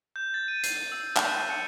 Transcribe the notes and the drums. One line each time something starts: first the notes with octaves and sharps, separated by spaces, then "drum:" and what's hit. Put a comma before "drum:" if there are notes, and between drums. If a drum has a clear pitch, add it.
G6
A6
D#7
C7, drum: hi-hat
E6
E7, drum: clap
F#6
C#7